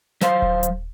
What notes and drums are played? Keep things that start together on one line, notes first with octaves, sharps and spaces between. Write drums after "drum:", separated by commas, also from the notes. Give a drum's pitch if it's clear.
F#3 C5 F5 C6, drum: snare
drum: kick D#1
drum: hi-hat